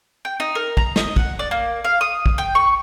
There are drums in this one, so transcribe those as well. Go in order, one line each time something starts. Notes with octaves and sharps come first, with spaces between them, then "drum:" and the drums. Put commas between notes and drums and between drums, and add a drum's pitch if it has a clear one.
G5
D#4
A#4
A#5, drum: kick
D#5, drum: snare
F#5, drum: kick
D5
A#3
F5
D#6
drum: kick
G5
C#6